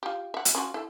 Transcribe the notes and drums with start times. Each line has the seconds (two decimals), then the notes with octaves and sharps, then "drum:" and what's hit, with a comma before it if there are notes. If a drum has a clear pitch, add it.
0.03 F4 G4
0.34 E5 F#5
0.45 drum: hi-hat
0.55 C#4 F4 F#4
0.74 E4 A4